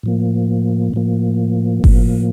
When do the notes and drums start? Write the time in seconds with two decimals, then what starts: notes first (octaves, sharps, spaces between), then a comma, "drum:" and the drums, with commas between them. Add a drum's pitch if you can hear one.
0.03 A2 F3 A#3
0.94 A2 F3 A#3
1.84 A2 F3 A#3, drum: kick G1